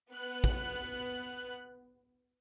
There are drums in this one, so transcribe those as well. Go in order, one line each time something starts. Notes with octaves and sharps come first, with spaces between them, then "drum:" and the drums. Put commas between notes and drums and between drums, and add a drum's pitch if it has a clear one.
B3 F#6
drum: kick